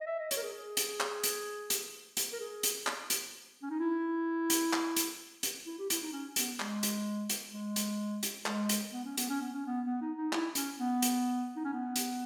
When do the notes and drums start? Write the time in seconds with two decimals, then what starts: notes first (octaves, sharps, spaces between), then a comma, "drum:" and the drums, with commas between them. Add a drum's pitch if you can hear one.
0.01 D#5
0.07 E5
0.19 D#5
0.31 C#5, drum: hi-hat
0.37 A#4
0.43 G#4
0.54 G#4
0.77 drum: hi-hat
1.00 drum: clap
1.24 drum: hi-hat
1.70 drum: hi-hat
2.17 drum: hi-hat
2.32 A#4
2.40 G#4
2.63 drum: hi-hat
2.87 drum: clap
3.10 drum: hi-hat
3.62 C#4
3.70 D#4
3.79 E4
4.50 drum: hi-hat
4.73 drum: clap
4.96 drum: hi-hat
5.43 drum: hi-hat
5.66 E4
5.79 G4
5.90 E4, drum: hi-hat
6.02 D#4
6.13 C#4
6.36 B3, drum: hi-hat
6.60 G#3, drum: clap
6.83 drum: hi-hat
7.30 drum: hi-hat
7.53 G#3
7.76 drum: hi-hat
8.23 drum: hi-hat
8.46 G#3, drum: clap
8.69 drum: hi-hat
8.93 B3
9.05 C#4
9.17 B3, drum: hi-hat
9.29 C#4
9.41 B3
9.53 C#4
9.66 B3
9.86 B3
10.01 D#4
10.17 D#4
10.33 E4, drum: clap
10.55 C#4, drum: hi-hat
10.79 B3
11.02 drum: hi-hat
11.56 D#4
11.65 C#4
11.73 B3
11.96 drum: hi-hat